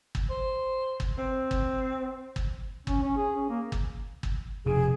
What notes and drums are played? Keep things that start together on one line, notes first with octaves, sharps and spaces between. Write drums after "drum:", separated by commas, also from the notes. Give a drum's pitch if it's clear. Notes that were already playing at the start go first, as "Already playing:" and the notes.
drum: kick
C5
drum: kick
C4
drum: kick
drum: kick
C#4, drum: kick
C#4
G#4
C#4
A#3
drum: kick
drum: kick
F1 B2 G#4